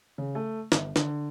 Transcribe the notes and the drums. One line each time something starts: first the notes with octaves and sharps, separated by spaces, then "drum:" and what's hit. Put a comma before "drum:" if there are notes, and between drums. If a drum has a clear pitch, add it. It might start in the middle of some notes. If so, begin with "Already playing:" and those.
C#3
A3
G1, drum: snare
D3, drum: snare